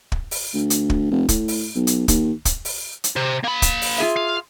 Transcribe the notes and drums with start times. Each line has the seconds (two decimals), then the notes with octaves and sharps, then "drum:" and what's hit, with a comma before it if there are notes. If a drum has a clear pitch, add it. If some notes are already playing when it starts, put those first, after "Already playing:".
0.12 drum: kick
0.31 drum: open hi-hat
0.54 D2
0.70 drum: hi-hat
0.90 drum: kick
1.11 F1
1.29 A2, drum: kick, hi-hat
1.48 drum: open hi-hat
1.75 B1
1.87 drum: hi-hat
2.08 D#2, drum: kick, hi-hat
2.45 drum: kick, hi-hat
2.65 drum: open hi-hat
3.04 drum: hi-hat
3.16 C3
3.44 A#3 B5
3.62 drum: kick, hi-hat
3.82 drum: open hi-hat
3.98 F4 G#4 E5
4.17 F5